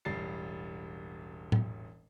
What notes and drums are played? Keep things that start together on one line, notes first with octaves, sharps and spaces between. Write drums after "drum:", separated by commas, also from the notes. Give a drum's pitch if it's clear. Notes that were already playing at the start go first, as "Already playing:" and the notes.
E1 A1 G3 A6 C7
drum: tom A2